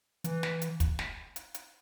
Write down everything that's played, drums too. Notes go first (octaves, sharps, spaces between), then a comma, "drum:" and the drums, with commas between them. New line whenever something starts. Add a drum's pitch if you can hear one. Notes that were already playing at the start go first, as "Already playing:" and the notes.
E3, drum: hi-hat
drum: snare
drum: hi-hat
drum: kick, hi-hat
drum: snare
drum: hi-hat
drum: hi-hat